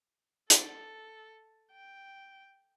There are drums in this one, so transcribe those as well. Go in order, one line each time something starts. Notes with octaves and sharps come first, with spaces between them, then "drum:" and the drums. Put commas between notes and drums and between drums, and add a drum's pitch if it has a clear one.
A4, drum: hi-hat
G5